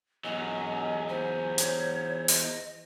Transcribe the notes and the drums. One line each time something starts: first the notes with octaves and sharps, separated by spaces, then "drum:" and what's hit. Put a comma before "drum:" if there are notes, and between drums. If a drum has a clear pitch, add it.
E2 F#3 D#5 G#5
C5 G#5
C#5, drum: hi-hat
D#5, drum: open hi-hat